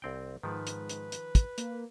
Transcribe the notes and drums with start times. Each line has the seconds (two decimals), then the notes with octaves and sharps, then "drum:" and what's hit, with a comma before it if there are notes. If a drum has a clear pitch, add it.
0.02 C2 C4 G5
0.43 G#2 D#3 F3 B4
0.67 drum: hi-hat
0.89 drum: hi-hat
1.12 drum: hi-hat
1.35 drum: kick, hi-hat
1.58 A#3, drum: hi-hat